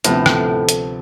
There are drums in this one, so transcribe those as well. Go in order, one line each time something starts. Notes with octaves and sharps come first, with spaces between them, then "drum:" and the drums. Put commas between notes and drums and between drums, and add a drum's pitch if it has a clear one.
D2 A2 C3 F3 B3, drum: hi-hat
drum: rim click
drum: hi-hat